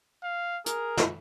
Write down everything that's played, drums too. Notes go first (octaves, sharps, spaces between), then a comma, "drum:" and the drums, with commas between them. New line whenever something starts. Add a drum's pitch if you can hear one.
F5
G#4 A#4, drum: hi-hat
drum: snare